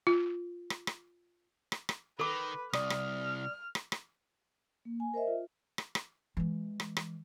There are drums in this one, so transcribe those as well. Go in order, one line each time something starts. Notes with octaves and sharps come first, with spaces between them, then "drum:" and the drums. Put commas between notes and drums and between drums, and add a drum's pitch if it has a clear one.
F4
drum: rim click
drum: rim click
drum: rim click
drum: rim click
D#3 A4 B4 D6
C2 D5 D#6 F6, drum: rim click
drum: rim click
drum: rim click
drum: rim click
A#3
G#5
A#4 C5 D#5 E5
F4
drum: rim click
drum: rim click
E3 G#3
drum: rim click
drum: rim click